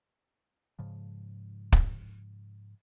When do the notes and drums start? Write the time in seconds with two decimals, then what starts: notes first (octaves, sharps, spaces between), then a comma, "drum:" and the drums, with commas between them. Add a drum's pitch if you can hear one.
0.79 G#2 C#3 F3
1.72 drum: kick